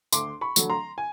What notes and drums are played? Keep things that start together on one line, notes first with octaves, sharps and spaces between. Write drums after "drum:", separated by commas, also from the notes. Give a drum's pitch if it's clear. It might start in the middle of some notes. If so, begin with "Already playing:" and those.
D2 C6 D6, drum: tambourine
B5 C#6
D3 F#3 A3, drum: tambourine
A#5 C6
G#5